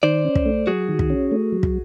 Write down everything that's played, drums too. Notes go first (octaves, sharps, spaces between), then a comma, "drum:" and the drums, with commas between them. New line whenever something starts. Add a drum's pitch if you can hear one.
D#3 C5 D5
C#4
drum: kick
A3
F#3 F#4 G#4
D#3
drum: kick
C#4
A3
F#3
drum: kick